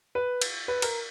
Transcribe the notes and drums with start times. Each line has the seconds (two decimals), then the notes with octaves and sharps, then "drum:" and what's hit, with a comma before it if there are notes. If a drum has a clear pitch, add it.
0.15 B4
0.42 drum: cymbal
0.68 B4
0.82 A#4, drum: cymbal